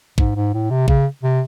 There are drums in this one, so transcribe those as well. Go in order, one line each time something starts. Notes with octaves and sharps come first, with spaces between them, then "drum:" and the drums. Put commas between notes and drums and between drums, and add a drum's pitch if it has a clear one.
G#2, drum: kick
G#2
A2
C3
C#3, drum: kick
C3